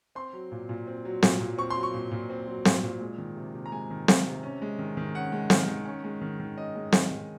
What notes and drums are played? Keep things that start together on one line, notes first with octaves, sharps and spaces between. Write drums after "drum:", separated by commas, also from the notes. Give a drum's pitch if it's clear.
C4 C6
F#3
A#2
A#2
C4
F#3
A#2, drum: snare C4
A#2
C4 C#6
C6
F#3
C#6
A#2
A#2
C4
F#3
A#2, drum: snare C4
A#2
G#3
D#3
C3
C3
A#5
G#3 G#5
D#3
C3, drum: snare C4
C3
C#4
G#3
D#3
D#3
C#4 F#5
G#3
D#3, drum: snare C4
D#3
C#4
G#3
D#3
D#3
C#4 D#5
G#3
D#3, drum: snare C4
D#3